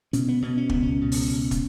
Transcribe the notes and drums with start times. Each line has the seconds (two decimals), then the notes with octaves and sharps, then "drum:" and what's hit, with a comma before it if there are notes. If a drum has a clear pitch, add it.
0.13 B2 C#4, drum: hi-hat
0.28 B3
0.42 B2 B3
0.57 C#4
0.69 C#2 B3, drum: kick
0.82 C#4
1.01 B2
1.12 drum: open hi-hat
1.31 C#2
1.51 drum: kick, hi-hat